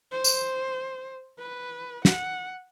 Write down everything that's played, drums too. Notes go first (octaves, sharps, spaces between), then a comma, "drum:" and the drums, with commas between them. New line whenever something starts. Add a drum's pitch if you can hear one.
C5
drum: tambourine
B4
F#5, drum: snare